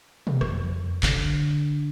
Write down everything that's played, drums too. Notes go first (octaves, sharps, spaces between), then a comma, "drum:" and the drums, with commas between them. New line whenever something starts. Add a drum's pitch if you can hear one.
drum: tom B2
F2, drum: rim click
D3, drum: clap